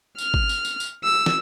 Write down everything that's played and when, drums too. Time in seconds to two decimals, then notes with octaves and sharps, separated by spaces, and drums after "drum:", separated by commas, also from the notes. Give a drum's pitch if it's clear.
0.18 F6, drum: tambourine
0.34 drum: kick
0.49 drum: tambourine
0.65 drum: tambourine
0.80 drum: tambourine
1.04 E6
1.26 drum: snare